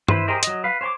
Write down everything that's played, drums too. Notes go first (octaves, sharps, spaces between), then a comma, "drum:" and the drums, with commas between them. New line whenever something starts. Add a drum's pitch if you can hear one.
E4 B4 C5, drum: tom G2
G4 G#4 A#4 C5 D#5
F#3 D#5, drum: hi-hat
B4 F5
C5 C#5 G#5 C6 D6